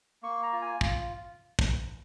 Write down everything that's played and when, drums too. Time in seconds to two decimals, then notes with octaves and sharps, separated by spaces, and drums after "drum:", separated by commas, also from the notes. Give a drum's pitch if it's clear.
0.23 A#3 C#6
0.43 A#5
0.53 F4
0.62 G#5
0.81 F4, drum: kick
1.59 drum: kick